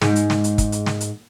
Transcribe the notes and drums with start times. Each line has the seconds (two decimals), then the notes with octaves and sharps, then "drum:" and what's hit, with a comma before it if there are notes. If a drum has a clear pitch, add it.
0.02 G#2, drum: snare
0.16 drum: hi-hat
0.30 drum: snare
0.44 drum: hi-hat
0.58 drum: kick, hi-hat
0.72 drum: hi-hat
0.86 drum: snare
1.01 drum: hi-hat